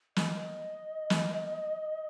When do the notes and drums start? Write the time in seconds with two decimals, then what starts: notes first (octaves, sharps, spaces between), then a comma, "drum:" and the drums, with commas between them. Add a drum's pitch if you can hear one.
0.16 D#5, drum: snare
1.10 drum: snare